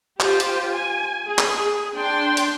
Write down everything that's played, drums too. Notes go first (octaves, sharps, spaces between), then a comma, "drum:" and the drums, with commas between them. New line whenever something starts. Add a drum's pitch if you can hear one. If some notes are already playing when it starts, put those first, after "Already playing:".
F4 G4 C5, drum: clap
drum: hi-hat
G#5
G#4
drum: clap
D4 G5 C6
drum: hi-hat